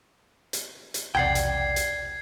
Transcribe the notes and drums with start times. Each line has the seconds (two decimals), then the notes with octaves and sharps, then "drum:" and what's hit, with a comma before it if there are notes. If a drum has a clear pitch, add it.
0.53 drum: hi-hat
0.94 drum: hi-hat
1.15 B1 E2 C3 D5 F#5 G5 G#6 C7
1.35 drum: hi-hat
1.76 drum: hi-hat